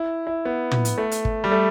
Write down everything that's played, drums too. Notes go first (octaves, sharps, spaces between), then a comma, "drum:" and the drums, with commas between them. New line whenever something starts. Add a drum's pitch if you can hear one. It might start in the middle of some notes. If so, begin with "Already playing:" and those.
Already playing: E4
E4
B3
drum: tom
drum: hi-hat
A3
drum: hi-hat
drum: kick
G3
A3